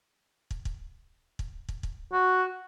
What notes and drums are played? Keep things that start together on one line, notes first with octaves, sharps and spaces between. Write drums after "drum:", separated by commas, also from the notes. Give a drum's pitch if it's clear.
drum: kick
drum: kick
drum: kick
drum: kick
drum: kick
F#4